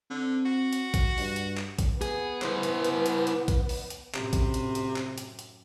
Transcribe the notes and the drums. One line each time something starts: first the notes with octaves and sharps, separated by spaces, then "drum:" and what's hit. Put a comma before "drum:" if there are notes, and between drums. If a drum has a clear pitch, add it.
D3 C4
F#4
drum: hi-hat
drum: kick A1, hi-hat
G2, drum: open hi-hat
drum: hi-hat
drum: clap
drum: kick A1, hi-hat
B3 G#4, drum: hi-hat
E4 C5, drum: clap
drum: hi-hat
drum: hi-hat
drum: hi-hat
drum: hi-hat
drum: kick A1, hi-hat
drum: open hi-hat
drum: hi-hat
F#2 A2 C3, drum: clap
drum: kick A1, hi-hat
drum: hi-hat
drum: hi-hat
drum: clap
drum: hi-hat
drum: hi-hat